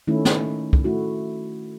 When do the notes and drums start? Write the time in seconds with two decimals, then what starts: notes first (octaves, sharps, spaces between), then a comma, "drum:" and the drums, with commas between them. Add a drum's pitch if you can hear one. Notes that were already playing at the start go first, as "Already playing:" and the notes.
0.07 D#3 A3 C#4 E4
0.25 drum: snare
0.73 drum: kick
0.84 A3 E4 F#4